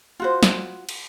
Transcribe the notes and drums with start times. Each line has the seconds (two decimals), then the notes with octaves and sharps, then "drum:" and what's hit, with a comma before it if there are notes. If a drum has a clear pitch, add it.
0.20 F4 F#4 C5
0.43 drum: snare
0.89 drum: cymbal